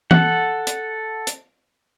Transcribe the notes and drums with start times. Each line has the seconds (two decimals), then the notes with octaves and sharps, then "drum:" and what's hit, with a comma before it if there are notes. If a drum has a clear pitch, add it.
0.11 A4 F#5, drum: tom E3
0.67 drum: hi-hat
1.27 drum: hi-hat